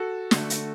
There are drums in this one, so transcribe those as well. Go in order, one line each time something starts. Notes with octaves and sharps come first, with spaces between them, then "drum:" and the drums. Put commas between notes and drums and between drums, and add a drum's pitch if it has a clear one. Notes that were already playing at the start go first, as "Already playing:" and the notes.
Already playing: F#4 A4
D3 A3, drum: snare
drum: hi-hat